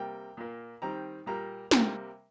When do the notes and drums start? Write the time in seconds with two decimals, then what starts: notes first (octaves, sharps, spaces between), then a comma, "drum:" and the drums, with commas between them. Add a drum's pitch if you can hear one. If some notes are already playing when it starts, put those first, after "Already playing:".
Already playing: C3 G3 A#3 G5
0.37 A#2 A#3
0.82 D#3 G3 C4 A#5
1.26 A#2 G3 A#3 A#5
1.71 C3 G3 A#3, drum: snare